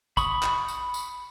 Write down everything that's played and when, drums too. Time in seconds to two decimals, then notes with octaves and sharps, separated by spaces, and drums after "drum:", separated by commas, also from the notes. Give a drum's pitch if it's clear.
0.17 B5 C#6 D#6, drum: kick, tambourine
0.43 drum: clap
0.68 drum: tambourine
0.94 drum: tambourine